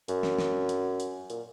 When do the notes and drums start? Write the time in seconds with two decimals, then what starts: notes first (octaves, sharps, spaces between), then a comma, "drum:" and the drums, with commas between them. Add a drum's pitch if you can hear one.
0.08 F#2, drum: hi-hat
0.23 drum: snare
0.39 drum: snare
0.69 drum: hi-hat
1.00 drum: hi-hat
1.30 A#2, drum: hi-hat